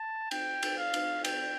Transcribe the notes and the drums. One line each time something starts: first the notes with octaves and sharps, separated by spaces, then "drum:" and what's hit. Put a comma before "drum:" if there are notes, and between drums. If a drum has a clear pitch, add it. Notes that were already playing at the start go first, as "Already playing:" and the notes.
Already playing: A5
G5, drum: cymbal
drum: cymbal
F5
drum: cymbal
G5, drum: cymbal